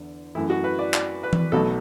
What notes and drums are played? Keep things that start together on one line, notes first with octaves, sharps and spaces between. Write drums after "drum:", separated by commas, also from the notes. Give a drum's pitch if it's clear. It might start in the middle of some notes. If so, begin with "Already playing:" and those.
Already playing: E2 D3
F#2 E3 A3 E4
F#4
B4
D5
D5, drum: clap
B4
drum: tom E3
B1 B2 F#3 A3 A4